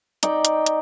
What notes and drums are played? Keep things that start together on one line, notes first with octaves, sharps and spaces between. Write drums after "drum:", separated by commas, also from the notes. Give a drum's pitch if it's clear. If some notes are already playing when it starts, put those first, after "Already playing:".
D#4 D5 G5, drum: hi-hat
drum: hi-hat
drum: hi-hat